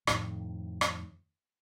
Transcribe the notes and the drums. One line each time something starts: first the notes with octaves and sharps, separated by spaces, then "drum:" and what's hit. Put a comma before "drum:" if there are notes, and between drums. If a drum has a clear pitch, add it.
F2 A2 D#3, drum: rim click
drum: rim click